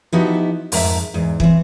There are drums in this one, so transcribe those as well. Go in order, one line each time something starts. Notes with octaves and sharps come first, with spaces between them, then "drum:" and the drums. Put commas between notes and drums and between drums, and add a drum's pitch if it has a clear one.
F3 B3 D#4 E4 F#4 G4
F2 G#2 A#4 E5, drum: open hi-hat
E2 G#2
E3 C4, drum: kick